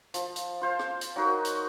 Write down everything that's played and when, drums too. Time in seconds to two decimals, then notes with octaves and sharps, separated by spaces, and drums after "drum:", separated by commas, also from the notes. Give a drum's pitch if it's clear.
0.14 F3, drum: hi-hat
0.36 drum: hi-hat
0.61 F4 C5 F5
0.79 drum: rim click
1.01 drum: hi-hat
1.16 F#3 D#4 F#4 A#4
1.45 drum: hi-hat